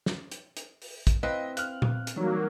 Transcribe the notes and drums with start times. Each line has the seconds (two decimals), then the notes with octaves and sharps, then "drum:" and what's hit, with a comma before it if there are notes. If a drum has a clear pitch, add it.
0.06 drum: snare
0.31 drum: hi-hat
0.57 drum: hi-hat
0.82 drum: open hi-hat
1.07 drum: kick, hi-hat
1.23 C4 E4 B4 D#5 F5
1.57 F5 F6 F#6, drum: hi-hat
1.82 drum: tom A#2
2.07 drum: hi-hat
2.16 E3 F#3 G3 A#3 D#4